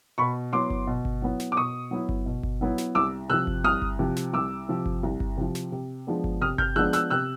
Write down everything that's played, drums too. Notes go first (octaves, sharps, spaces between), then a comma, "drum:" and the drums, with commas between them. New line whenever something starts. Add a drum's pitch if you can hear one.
B2 B5 C#6
F#3 B3 E4 C6 D6
drum: kick G1
B2
drum: kick G1
F#3 B3 E4
drum: snare
D6
B2 C#6 D#6
F#3 B3 E4
drum: kick G1
B2
drum: kick G1
F#3 B3 E4
drum: snare
C2 D6 E6
C3 F3 E6 F#6
drum: kick G1
C2 D#6 F6
drum: kick G1
C3 F3
drum: snare
C2 D6 E6
C3 F3
drum: kick G1
C2
drum: kick G1
C3 F3
drum: snare
C3
F3 G#3 B3 D4
drum: kick G1
C3 D#6 F6
F6 G6, drum: kick G1
F3 G#3 B3 D4 E6 F#6
E6 F#6, drum: snare
C3 E6 F#6